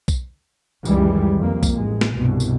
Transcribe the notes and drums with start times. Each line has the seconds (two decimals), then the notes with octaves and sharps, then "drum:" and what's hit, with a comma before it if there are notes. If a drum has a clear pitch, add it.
0.08 drum: kick B1, tambourine
0.85 C#2 F#2 D#3 E3 G3 G#3, drum: tambourine
1.38 F2 A#3
1.63 drum: kick B1, tambourine
1.74 A1 G#3
2.01 drum: snare
2.15 C2 G2 B2
2.40 drum: tambourine